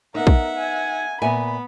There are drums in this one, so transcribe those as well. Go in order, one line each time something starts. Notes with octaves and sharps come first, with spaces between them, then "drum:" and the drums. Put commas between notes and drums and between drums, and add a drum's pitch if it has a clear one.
B3 D#4 A#4 E5 F#5
drum: kick
G#5
A#2 B3 E5 G#5 B5